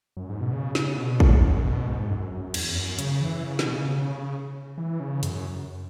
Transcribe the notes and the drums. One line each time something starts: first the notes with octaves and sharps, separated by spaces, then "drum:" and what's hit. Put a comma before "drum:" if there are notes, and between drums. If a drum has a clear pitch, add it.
F#2
G#2
B2
C#3
C#3, drum: snare
B2
G#2, drum: kick
F#2
B2
G#2
F#2
F#2
E2, drum: cymbal
F#2
C#3, drum: hi-hat
E3
C#3
B2, drum: snare
C#3
C#3
E3
C#3
F#2, drum: hi-hat